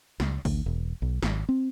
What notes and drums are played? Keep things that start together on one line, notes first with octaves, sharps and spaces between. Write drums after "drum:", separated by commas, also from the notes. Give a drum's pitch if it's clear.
C#2, drum: snare
D2, drum: kick G#1, open hi-hat
E1
B1
G#1, drum: snare
C4